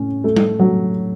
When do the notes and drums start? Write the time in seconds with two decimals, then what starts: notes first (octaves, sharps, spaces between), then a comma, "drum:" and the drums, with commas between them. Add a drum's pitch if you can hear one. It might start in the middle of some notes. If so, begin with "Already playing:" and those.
Already playing: A2 C#4
0.24 A3
0.36 drum: tom G3
0.59 F#3